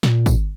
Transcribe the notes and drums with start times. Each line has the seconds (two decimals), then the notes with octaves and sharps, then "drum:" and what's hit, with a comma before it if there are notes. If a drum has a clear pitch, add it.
0.03 A#2, drum: snare
0.26 drum: kick, tambourine